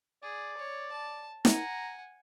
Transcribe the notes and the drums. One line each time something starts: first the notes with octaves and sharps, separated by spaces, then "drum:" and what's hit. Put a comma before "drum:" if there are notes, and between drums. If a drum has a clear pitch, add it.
G#4 D5
C#5
A5
F#5 G#5 A#5, drum: snare